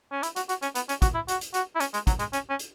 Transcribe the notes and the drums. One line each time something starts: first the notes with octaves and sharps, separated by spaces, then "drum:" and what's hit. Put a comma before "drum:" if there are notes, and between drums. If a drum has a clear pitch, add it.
C#4
E4, drum: hi-hat
F#4, drum: hi-hat
F#4, drum: hi-hat
C#4, drum: hi-hat
B3, drum: hi-hat
C#4, drum: hi-hat
F#4, drum: kick, hi-hat
E4
F#4, drum: hi-hat
drum: hi-hat
F#4, drum: hi-hat
E4
C#4, drum: hi-hat
G#3, drum: hi-hat
F#3, drum: kick, hi-hat
G#3, drum: hi-hat
C#4, drum: hi-hat
C#4
drum: hi-hat